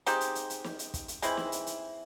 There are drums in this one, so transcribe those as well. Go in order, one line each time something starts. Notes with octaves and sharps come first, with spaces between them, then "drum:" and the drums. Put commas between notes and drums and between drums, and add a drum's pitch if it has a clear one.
G#3 C4 D#4 G4, drum: hi-hat
drum: hi-hat
drum: hi-hat
drum: hi-hat
drum: snare
drum: hi-hat
drum: kick, hi-hat
drum: hi-hat
E3 G#3 C4 E4, drum: hi-hat
drum: snare
drum: hi-hat
drum: hi-hat